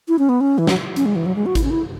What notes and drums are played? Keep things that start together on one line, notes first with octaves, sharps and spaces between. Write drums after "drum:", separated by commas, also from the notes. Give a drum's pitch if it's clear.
E4
C#4
B3
C#4
E3
F#3, drum: snare
C#4, drum: hi-hat
G#3
E3
F#3
G#3
F#4
E4, drum: kick G#1, hi-hat
C#4
E4